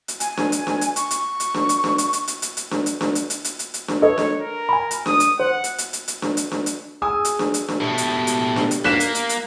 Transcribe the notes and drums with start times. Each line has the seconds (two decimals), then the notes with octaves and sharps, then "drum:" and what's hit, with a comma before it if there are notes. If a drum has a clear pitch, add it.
0.08 drum: hi-hat
0.20 G#5, drum: hi-hat
0.37 drum: snare D4
0.52 drum: hi-hat
0.67 drum: snare D4
0.81 drum: hi-hat
0.96 C#6, drum: hi-hat
1.11 drum: hi-hat
1.40 drum: hi-hat
1.54 drum: snare D4
1.69 drum: hi-hat
1.84 drum: snare D4
1.98 drum: hi-hat
2.13 drum: hi-hat
2.28 drum: hi-hat
2.42 drum: hi-hat
2.57 drum: hi-hat
2.71 drum: snare D4
2.86 drum: hi-hat
3.01 drum: snare D4
3.15 drum: hi-hat
3.30 drum: hi-hat
3.44 drum: hi-hat
3.59 drum: hi-hat
3.74 drum: hi-hat
3.88 drum: snare D4
4.02 A4 B4 C#5 D#5
4.18 drum: snare D4
4.39 A#4
4.69 G#5 B5
4.91 drum: hi-hat
5.06 D#6, drum: snare D4
5.20 drum: hi-hat
5.40 C5 F#5
5.64 drum: hi-hat
5.78 drum: hi-hat
5.93 drum: hi-hat
6.08 drum: hi-hat
6.22 drum: snare D4
6.37 drum: hi-hat
6.51 drum: snare D4
6.66 drum: hi-hat
7.02 G#4 G#5 D#6 E6
7.25 drum: hi-hat
7.39 drum: snare D4
7.54 drum: hi-hat
7.68 drum: snare D4
7.80 B2 A3 G4
7.98 drum: hi-hat
8.27 drum: hi-hat
8.56 drum: snare D4
8.71 drum: hi-hat
8.84 A#3 F#6 B6 E7, drum: snare D4
9.00 drum: hi-hat
9.15 drum: hi-hat
9.29 drum: hi-hat